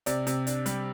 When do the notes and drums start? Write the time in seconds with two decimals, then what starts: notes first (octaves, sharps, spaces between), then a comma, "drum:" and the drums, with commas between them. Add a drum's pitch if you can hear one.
0.06 C3 D5, drum: hi-hat
0.27 C3, drum: hi-hat
0.47 D4, drum: hi-hat
0.66 G3, drum: hi-hat